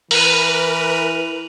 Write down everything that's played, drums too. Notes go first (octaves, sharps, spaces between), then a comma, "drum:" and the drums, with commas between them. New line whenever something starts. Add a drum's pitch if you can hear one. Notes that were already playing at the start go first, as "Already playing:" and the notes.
E3 A#4 B4 D#7 F7 F#7, drum: open hi-hat